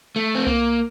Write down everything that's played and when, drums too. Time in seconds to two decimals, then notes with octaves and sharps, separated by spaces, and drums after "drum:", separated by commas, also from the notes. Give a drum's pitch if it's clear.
0.16 A3
0.35 C4
0.47 A#3, drum: tom C2